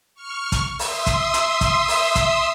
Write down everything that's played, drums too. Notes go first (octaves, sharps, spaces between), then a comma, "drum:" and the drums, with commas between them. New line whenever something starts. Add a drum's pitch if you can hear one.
C#6 F6
drum: kick, hi-hat
E5 C6 D#6 E6, drum: open hi-hat
drum: kick, hi-hat
drum: hi-hat
drum: kick, hi-hat
drum: open hi-hat
drum: kick, hi-hat